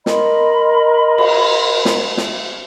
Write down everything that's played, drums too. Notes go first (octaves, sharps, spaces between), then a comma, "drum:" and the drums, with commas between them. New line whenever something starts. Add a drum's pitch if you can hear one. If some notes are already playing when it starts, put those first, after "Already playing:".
A#4 D#5 B5 C6, drum: snare
drum: cymbal
drum: snare
drum: snare